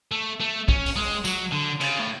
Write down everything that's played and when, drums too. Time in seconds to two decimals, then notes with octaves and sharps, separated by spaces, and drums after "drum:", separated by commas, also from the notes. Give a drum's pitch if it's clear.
0.12 A3
0.41 A3
0.68 C#4, drum: kick
0.86 drum: open hi-hat
0.96 G#3
1.25 F#3, drum: tambourine
1.52 D3
1.81 C#3, drum: cymbal
2.00 A2